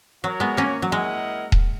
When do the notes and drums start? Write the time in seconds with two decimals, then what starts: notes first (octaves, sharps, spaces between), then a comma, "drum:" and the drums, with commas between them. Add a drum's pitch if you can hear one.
0.23 F#3 F#4 A#4 C#5
0.40 G#3 B3
0.57 A#3 C#4
0.82 F#3
0.92 G#3 E4 A#4 D#5 F#5
1.52 drum: kick D#1